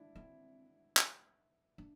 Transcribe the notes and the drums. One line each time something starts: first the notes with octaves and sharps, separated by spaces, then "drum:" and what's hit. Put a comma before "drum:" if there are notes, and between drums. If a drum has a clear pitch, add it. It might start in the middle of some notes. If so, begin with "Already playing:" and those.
Already playing: D4 E4
C4 E4
drum: clap
D4